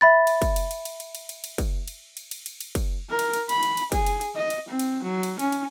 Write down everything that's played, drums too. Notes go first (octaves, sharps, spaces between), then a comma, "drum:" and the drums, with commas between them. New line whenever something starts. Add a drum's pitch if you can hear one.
E5 B5 A6
drum: cymbal
drum: kick, cymbal
drum: cymbal
drum: cymbal
drum: cymbal
drum: cymbal
drum: cymbal
drum: cymbal
drum: cymbal
drum: kick, cymbal
drum: cymbal
drum: cymbal
drum: cymbal
drum: cymbal
drum: cymbal
drum: kick, cymbal
A#4
drum: cymbal
drum: cymbal
B5, drum: cymbal
drum: cymbal
drum: cymbal
G#4, drum: kick, cymbal
drum: cymbal
drum: cymbal
D#5
drum: cymbal
C4
drum: cymbal
F#3
drum: cymbal
C#4, drum: cymbal
drum: cymbal